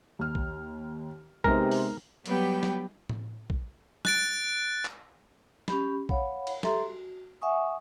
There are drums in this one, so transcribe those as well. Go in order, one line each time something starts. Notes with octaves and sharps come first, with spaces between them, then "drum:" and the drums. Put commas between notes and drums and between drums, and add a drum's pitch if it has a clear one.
D#2 F6
drum: kick
C3 G#3 B3 D#4 A#4, drum: kick
drum: open hi-hat
F#3 G3 B3 G4 B4 G5, drum: hi-hat
drum: snare
drum: tom A2
drum: kick
F#6 A6 D7, drum: snare
drum: clap
C#4 G4 B5, drum: snare
C#5 F5 F#5 B5, drum: kick
drum: cymbal
G4 A4 E5 A#5 C6, drum: snare
F#4
E5 F#5 G#5 C#6 D#6